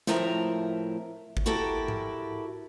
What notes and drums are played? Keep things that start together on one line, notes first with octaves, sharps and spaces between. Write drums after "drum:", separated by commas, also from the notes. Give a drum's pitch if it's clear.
A2 F3 C4 A#4 E5 A#5, drum: snare
drum: kick G#1
E4 F#4 G4 A4 A#4
drum: tom G#2